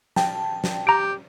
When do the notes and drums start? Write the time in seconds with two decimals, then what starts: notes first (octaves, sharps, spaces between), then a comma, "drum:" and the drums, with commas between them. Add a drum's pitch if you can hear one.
0.16 G5 A5, drum: snare
0.64 drum: snare
0.87 G4 A#5 D7